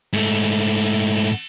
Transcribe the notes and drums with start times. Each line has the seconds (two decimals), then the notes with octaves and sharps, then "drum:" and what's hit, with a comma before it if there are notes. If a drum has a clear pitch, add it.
0.13 G#2 A3, drum: cymbal
0.30 drum: cymbal
0.47 drum: cymbal
0.64 drum: cymbal
0.81 drum: cymbal
1.15 drum: cymbal
1.33 drum: cymbal